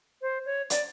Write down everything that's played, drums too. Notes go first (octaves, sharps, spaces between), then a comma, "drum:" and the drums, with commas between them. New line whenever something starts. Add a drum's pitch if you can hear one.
C5
C#5
D5, drum: hi-hat